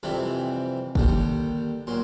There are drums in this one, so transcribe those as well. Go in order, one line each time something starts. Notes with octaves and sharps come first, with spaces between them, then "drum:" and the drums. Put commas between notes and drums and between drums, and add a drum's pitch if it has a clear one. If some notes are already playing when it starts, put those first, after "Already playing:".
F2 C3 E3 G3 B5
D#2 D3 G3, drum: kick
A#2 F#3 C6